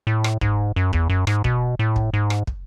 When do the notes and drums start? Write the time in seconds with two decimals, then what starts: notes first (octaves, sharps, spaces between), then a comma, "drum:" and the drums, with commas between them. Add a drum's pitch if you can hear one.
0.07 A2
0.24 drum: rim click
0.41 G#2, drum: kick
0.76 F#2
0.93 E2, drum: kick
1.09 F#2
1.27 G#2, drum: rim click
1.44 B2, drum: kick
1.79 A2
1.96 drum: kick
2.14 G#2
2.30 drum: rim click
2.47 drum: kick